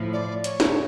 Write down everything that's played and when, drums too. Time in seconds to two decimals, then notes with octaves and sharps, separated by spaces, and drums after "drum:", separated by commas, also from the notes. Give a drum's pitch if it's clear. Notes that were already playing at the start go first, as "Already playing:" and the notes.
Already playing: A2 F3
0.13 D5
0.44 C#5, drum: hi-hat
0.60 drum: snare